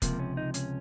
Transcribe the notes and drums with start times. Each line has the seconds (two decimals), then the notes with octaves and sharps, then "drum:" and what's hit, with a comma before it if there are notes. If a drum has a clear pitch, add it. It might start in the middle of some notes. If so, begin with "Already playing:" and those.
0.02 C#2 C3 F3 A#3, drum: kick, hi-hat
0.19 C#4
0.37 D#4
0.54 C#4, drum: hi-hat